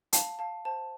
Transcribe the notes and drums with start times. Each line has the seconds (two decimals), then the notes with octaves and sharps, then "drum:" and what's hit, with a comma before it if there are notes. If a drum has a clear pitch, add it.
0.13 F5 A5, drum: hi-hat
0.39 F5 A5
0.65 C5 A5